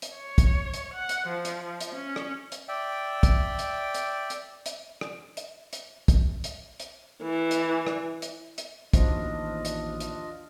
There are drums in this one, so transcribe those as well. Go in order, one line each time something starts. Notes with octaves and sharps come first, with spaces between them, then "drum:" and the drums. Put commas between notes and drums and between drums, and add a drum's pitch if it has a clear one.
drum: hi-hat
C#5
drum: kick, hi-hat
drum: hi-hat
F#5
drum: hi-hat
F3
drum: hi-hat
drum: hi-hat
C#4
drum: rim click
drum: hi-hat
D5 E5 G5
drum: kick, hi-hat
drum: hi-hat
drum: hi-hat
drum: hi-hat
drum: hi-hat
drum: rim click
drum: hi-hat
drum: hi-hat
drum: kick, hi-hat
drum: hi-hat
drum: hi-hat
E3
drum: hi-hat
drum: rim click
drum: hi-hat
drum: hi-hat
A1 D#2 F3 D4 F4 F#4 C5 D#5, drum: kick, hi-hat
drum: hi-hat
drum: hi-hat